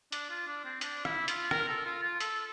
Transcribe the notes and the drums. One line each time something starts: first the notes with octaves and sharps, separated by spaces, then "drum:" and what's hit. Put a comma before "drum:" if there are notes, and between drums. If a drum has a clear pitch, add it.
D4, drum: hi-hat
F4
D4
C4
D4, drum: hi-hat
E4, drum: rim click
F4, drum: hi-hat
A#4, drum: rim click
A4
F4
F4
A4, drum: hi-hat